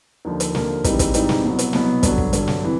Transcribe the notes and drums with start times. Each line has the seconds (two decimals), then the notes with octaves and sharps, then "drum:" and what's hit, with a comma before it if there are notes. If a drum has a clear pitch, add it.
0.25 D#2 D3 F3 A#3
0.40 drum: hi-hat
0.55 D#2 D3 F3 A#3, drum: snare
0.84 G#2 E3 G3 C4 D#4, drum: kick, hi-hat
0.99 drum: kick, hi-hat
1.14 G#2 E3 G3 C4 D#4, drum: hi-hat
1.29 drum: snare
1.44 C2 B2 F#3 B3
1.59 drum: hi-hat
1.73 C2 B2 F#3 B3, drum: snare
2.03 G2 D3 F#3, drum: kick, hi-hat
2.18 drum: kick
2.33 G2 D3 F#3, drum: hi-hat
2.48 drum: snare
2.64 C3 E3